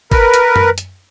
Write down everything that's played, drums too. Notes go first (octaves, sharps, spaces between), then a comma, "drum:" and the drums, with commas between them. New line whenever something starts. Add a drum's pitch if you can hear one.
A#4 B4, drum: kick G1, open hi-hat
drum: hi-hat
drum: tom F#2
drum: hi-hat